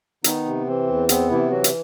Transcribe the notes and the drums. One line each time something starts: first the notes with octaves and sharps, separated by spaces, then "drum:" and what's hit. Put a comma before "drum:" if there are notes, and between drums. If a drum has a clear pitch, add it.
D#3 B3 D#4, drum: hi-hat
C3
E3 C4
E2
B3 C4, drum: hi-hat
C3 E3 E4
E3 F#3 F#4
drum: hi-hat